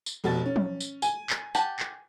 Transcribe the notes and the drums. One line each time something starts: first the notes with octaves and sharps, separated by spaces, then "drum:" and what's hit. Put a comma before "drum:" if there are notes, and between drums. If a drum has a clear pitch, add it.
drum: tambourine
F1 B2 A6
C#4
drum: tom F3
drum: tambourine
G#5, drum: tambourine
drum: clap
G4 F#5 A5, drum: tambourine
drum: clap